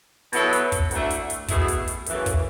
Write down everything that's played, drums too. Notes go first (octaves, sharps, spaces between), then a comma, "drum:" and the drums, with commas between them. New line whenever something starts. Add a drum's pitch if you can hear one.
B2 F#3 B3 E4 A4, drum: hi-hat
drum: hi-hat
drum: kick, hi-hat
D2 D3 A3 E4, drum: hi-hat
drum: hi-hat
drum: hi-hat
E2 B2 A3 E4 G#4, drum: kick, hi-hat
drum: hi-hat
drum: hi-hat
F#2 C#3 E3 A3, drum: hi-hat
drum: kick, hi-hat